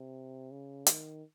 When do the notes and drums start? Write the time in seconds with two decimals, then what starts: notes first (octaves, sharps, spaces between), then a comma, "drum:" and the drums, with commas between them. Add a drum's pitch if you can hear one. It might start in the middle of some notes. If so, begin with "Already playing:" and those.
Already playing: C3
0.51 C#3
0.86 D#3, drum: hi-hat